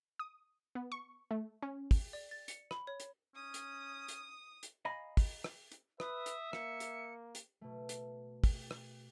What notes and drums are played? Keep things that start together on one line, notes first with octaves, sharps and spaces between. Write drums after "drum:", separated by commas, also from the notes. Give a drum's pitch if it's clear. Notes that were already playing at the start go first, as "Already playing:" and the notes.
D#6
B3
C#6
A3
C#4
drum: kick, open hi-hat
D5
A6
C#7, drum: hi-hat
B5, drum: rim click
C#5
drum: hi-hat
C#4 D#6
drum: hi-hat
drum: hi-hat
drum: hi-hat
D#5 F5 G#5 A#5 B5
drum: kick, open hi-hat
drum: rim click
drum: hi-hat
B4 E5 D#6, drum: rim click
drum: hi-hat
A#3 C#7, drum: rim click
drum: hi-hat
drum: hi-hat
B2 A3
drum: hi-hat
drum: kick, open hi-hat
drum: rim click